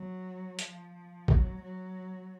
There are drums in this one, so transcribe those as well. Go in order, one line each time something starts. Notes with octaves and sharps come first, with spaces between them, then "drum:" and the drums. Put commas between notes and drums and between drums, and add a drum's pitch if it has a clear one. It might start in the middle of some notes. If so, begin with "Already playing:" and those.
Already playing: F#3
F3, drum: hi-hat
F#3, drum: kick
F#3